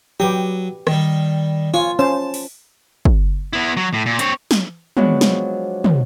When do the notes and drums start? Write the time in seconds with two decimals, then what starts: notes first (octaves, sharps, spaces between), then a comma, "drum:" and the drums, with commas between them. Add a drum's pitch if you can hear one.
0.20 F#3 G4 B4 D#6
0.87 D#3 G3, drum: rim click
1.74 F4 C#5 G#5
1.99 C#4 C5 A5
2.34 drum: open hi-hat
3.05 drum: kick
3.53 B3 E4
3.77 F#3
3.93 A2
4.06 A#2
4.19 C4 C#5, drum: hi-hat
4.51 drum: snare
4.97 F3 F#3 G#3 B3 C4 D4, drum: tom
5.21 drum: snare
5.84 drum: tom